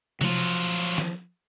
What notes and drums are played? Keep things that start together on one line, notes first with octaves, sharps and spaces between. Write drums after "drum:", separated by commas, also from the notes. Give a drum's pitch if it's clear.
F3 F#3 F4, drum: tom C3
drum: snare